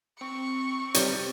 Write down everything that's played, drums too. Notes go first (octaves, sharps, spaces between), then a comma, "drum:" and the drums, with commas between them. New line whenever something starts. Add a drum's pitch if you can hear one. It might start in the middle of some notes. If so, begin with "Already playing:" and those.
C4 C#6
C3 G3 C#4, drum: hi-hat